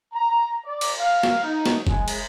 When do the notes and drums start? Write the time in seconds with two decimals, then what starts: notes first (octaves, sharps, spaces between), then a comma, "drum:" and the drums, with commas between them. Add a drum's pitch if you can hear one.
0.13 A#5
0.65 D5
0.81 drum: cymbal
0.99 F5
1.23 drum: snare
1.42 D#4
1.66 drum: snare
1.87 G#3, drum: kick F1
2.08 drum: cymbal